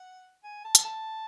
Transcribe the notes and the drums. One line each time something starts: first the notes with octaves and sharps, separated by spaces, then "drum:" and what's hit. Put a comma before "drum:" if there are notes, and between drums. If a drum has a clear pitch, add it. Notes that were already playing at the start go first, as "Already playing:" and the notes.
Already playing: F#5
G#5
A5
drum: hi-hat
A5